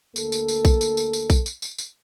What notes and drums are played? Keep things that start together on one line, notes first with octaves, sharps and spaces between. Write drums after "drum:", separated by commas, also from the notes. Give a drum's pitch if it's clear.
D2 A#3 A4, drum: tambourine
drum: tambourine
drum: tambourine
drum: kick B1, tambourine
drum: tambourine
drum: tambourine
drum: tambourine
drum: kick B1, tambourine
drum: tambourine
drum: tambourine
drum: tambourine